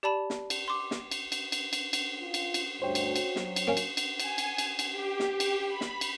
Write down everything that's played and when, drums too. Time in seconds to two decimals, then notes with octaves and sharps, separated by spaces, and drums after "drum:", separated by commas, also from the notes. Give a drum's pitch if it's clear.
0.03 G4 D5 A5 B5 E7
0.30 drum: snare
0.50 drum: cymbal
0.68 C6 D6
0.91 drum: snare
1.11 drum: cymbal
1.32 drum: cymbal
1.52 drum: cymbal
1.73 drum: cymbal
1.93 drum: cymbal
2.21 F4
2.34 drum: cymbal
2.54 drum: cymbal
2.82 D2 G2 F#4 C5 C#5 G5
2.95 drum: cymbal
3.16 drum: cymbal
3.36 F#3, drum: snare
3.56 drum: cymbal
3.68 A#3 C#4
3.77 drum: cymbal
3.97 drum: cymbal
4.20 G#5, drum: cymbal
4.38 drum: cymbal
4.58 drum: cymbal
4.79 drum: cymbal
4.92 G4
5.20 drum: snare
5.40 drum: cymbal
5.68 B5
5.81 drum: snare
6.01 drum: cymbal